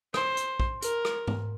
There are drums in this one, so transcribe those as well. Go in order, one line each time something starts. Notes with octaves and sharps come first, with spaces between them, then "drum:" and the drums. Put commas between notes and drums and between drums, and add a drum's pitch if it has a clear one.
C5, drum: rim click
drum: hi-hat
drum: kick
A#4, drum: hi-hat
drum: rim click
drum: tom G#2